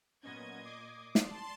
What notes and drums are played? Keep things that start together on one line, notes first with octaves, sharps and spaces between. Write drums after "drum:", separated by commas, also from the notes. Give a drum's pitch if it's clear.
A#2 F#3 B3 C#4 D#5 G#6
D6 D#6 C7
D5 A5 C6, drum: snare